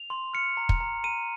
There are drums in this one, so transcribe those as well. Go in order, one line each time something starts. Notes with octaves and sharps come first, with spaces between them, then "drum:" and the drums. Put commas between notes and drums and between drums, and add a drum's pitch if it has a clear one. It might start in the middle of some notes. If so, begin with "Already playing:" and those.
Already playing: F7
C6
F6 C#7
A#5
drum: kick
A#5
A#5 D#7